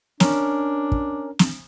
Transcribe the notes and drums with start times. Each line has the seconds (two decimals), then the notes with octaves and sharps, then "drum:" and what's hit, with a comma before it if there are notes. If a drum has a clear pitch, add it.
0.20 C#4 D4 A#4, drum: snare
0.92 drum: kick
1.39 drum: snare